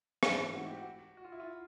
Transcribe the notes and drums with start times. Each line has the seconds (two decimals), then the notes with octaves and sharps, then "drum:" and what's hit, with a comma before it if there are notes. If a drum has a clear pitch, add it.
0.23 G#2 E3 A3 C4 E4, drum: rim click
0.54 F#4
0.66 G4
0.77 F#4
1.17 F#4
1.25 F4
1.32 E4
1.40 F4